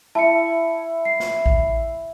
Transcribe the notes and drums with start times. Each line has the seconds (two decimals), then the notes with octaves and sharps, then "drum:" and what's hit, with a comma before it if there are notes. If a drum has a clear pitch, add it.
0.15 E4 A5 C#7
1.05 C7
1.20 drum: snare
1.46 drum: kick A1